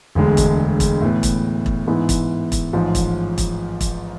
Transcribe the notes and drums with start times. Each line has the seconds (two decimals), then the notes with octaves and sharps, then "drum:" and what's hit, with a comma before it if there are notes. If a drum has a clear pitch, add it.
0.15 E1 D2 D3 G#3
0.37 drum: kick E1, hi-hat
0.80 drum: kick E1, hi-hat
1.01 A2 E3 B3
1.23 drum: kick E1, hi-hat
1.66 drum: kick E1
1.88 G#2 E3 B3 E4
2.09 drum: kick E1, hi-hat
2.52 drum: kick E1, hi-hat
2.73 A1 G#2 F3
2.95 drum: kick E1, hi-hat
3.38 drum: kick E1, hi-hat
3.81 drum: kick E1, hi-hat